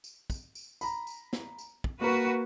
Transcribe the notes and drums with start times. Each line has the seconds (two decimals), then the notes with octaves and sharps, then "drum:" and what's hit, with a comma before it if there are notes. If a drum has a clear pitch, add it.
0.04 drum: tambourine
0.30 drum: kick, tambourine
0.55 drum: tambourine
0.81 A#5 B5, drum: tambourine
1.07 drum: tambourine
1.33 drum: snare
1.58 drum: tambourine
1.84 drum: kick
2.01 A#3 F#4 A#4 B4